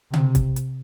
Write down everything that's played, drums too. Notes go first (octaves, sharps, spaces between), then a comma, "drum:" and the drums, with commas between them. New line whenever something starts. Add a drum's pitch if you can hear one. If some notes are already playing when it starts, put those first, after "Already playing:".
C3, drum: tom C#3
drum: kick, hi-hat
drum: hi-hat